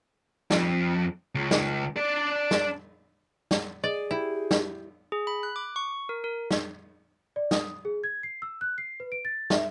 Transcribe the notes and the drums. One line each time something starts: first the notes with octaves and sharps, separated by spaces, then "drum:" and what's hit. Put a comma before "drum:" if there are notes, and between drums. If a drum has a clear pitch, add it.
F2, drum: snare
C#2
drum: snare
D4 D5
drum: snare
drum: snare
G#4 D5 D#5
E4 G4
drum: snare
G#4
B5
F#6
D6
C#6
A#4
A#4
drum: snare
D5
D#6, drum: snare
G#4
G#6
C7
E6
F#6
C7
B4
D7
A6
E5, drum: snare